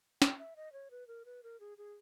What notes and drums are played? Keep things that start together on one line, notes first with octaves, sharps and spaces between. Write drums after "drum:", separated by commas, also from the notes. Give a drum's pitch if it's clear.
G5, drum: snare
E5
D#5
C#5
B4
A#4
B4
A#4
G#4
G#4